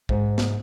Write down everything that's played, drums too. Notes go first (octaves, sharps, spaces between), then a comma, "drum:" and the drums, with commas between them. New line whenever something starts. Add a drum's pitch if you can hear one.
G#2, drum: kick
drum: snare